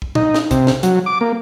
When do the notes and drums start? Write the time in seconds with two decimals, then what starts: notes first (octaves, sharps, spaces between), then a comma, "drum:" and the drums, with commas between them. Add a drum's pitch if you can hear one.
0.02 drum: kick
0.15 D#4, drum: tom A#2
0.35 drum: snare
0.51 C3, drum: kick, hi-hat
0.67 drum: snare
0.83 F#3, drum: hi-hat
1.06 D6
1.21 A#3